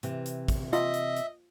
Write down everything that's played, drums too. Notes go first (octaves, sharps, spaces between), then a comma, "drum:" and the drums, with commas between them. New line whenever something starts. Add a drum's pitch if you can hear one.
C3 E3, drum: hi-hat
drum: hi-hat
drum: kick, hi-hat
F4 D#5 E5, drum: hi-hat
drum: hi-hat
drum: hi-hat